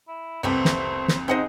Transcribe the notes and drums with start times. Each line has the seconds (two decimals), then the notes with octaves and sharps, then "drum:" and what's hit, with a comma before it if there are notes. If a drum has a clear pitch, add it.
0.08 E4
0.43 C2 F2 G3 A3 B3 C5
0.65 drum: snare
1.08 drum: snare
1.28 C4 D#4 G#4 C5 D#5 F#5 G5